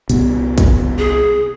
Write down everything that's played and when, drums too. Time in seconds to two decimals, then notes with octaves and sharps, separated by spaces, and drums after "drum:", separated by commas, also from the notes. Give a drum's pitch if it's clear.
0.09 C2 C3 B3, drum: hi-hat
0.58 drum: kick, hi-hat
0.99 G#4